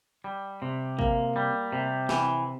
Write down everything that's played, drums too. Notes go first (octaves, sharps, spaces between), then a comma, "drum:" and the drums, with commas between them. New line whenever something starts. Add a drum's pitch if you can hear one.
G3
C3
A#3, drum: kick
G3
C3
E3, drum: snare